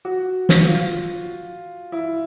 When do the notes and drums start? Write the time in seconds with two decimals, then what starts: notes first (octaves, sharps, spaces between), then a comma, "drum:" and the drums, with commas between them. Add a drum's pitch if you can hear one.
0.05 F#4
0.49 drum: snare
0.67 F4
1.92 E4